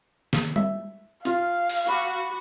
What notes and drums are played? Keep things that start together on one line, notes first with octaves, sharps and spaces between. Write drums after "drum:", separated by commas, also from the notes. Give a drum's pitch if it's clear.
drum: snare
E5, drum: tom G3
F4 F5, drum: hi-hat
drum: open hi-hat
F#4 G#5 B5 D6